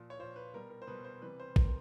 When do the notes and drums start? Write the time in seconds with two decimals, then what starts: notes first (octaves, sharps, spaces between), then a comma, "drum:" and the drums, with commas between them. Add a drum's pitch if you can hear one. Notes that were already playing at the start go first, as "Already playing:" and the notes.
Already playing: A#2 F3
0.10 C#5
0.19 A#2 F3 C5
0.36 B4
0.53 B2 G3 A#4
0.70 A#4
0.82 C5
0.87 B2 G3 B4
1.04 C5
1.21 C3 E3 G3 B4
1.40 C5
1.56 C3 E3 G3 A#4, drum: kick A1